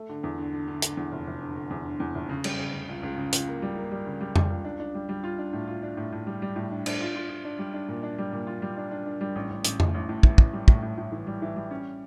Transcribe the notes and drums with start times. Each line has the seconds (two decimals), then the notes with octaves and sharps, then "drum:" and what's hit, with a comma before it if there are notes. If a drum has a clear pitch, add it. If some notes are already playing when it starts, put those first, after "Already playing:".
Already playing: A3
0.09 D3
0.23 E2
0.38 D3
0.53 D3
0.68 D3
0.82 D3, drum: hi-hat
0.97 E2
1.12 F1
1.27 F1
1.42 D3
1.56 D3
1.70 E2
1.85 D3
2.00 E2
2.15 F1
2.29 C#3
2.44 G3, drum: cymbal
2.59 C#3
2.74 C#3
2.89 C#2
3.03 C#2
3.18 C#3
3.33 C#2, drum: hi-hat
3.47 A#3
3.62 G3
3.77 A#3
3.91 G3
4.06 C#3
4.21 G3
4.36 G3, drum: tom F2
4.50 C#2
4.64 D4
4.80 D4
4.95 G3
5.09 G3
5.24 F4
5.38 D4
5.53 A2
5.68 F4
5.82 D4
5.97 A2
6.12 A2
6.27 G3
6.42 G3
6.56 A2
6.71 D4
6.86 D4, drum: cymbal
7.01 F4
7.15 F4
7.29 F4
7.45 D4
7.59 G3
7.74 D4
7.89 A#2
8.03 D4
8.18 G3
8.33 A#2
8.47 F4
8.62 G3
8.77 D4
8.91 D4
9.06 D4
9.21 G3
9.35 A1
9.51 A1
9.64 A1, drum: hi-hat
9.80 A2, drum: tom F2
9.94 A1
10.09 A2
10.23 E3, drum: kick
10.38 A1, drum: kick
10.53 G3
10.68 A2, drum: kick
10.82 A2
10.98 A2
11.12 E3
11.27 G3
11.42 E3
11.56 G3
11.71 C#4